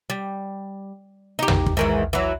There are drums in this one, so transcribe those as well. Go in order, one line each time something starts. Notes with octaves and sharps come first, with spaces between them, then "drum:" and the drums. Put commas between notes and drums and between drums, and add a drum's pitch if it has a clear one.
G3
D#4 G4
drum: tom
drum: kick
G#2 D#3 E3
E3 F#3